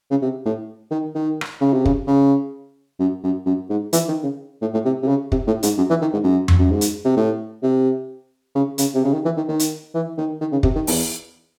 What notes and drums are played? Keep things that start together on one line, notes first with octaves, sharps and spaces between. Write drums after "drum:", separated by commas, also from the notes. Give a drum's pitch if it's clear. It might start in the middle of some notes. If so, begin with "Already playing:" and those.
C#3
C3
A2
D#3
D#3
drum: rim click
C#3
C3
C#3, drum: kick
C#3
F#2
F#2
F#2
G#2
E3, drum: hi-hat
D#3
C#3
A2
A2
C3
C3
C#3
C3, drum: kick
A2
G#2, drum: hi-hat
F#2
E3
D#3
G#2
F#2
drum: tom F2
F#2
G#2
drum: hi-hat
C3
A2
C3
C#3
C#3, drum: hi-hat
C3
C#3
D#3
E3
D#3
D#3
drum: hi-hat
E3
D#3
D#3
C#3
C3, drum: kick
D#3
E2, drum: open hi-hat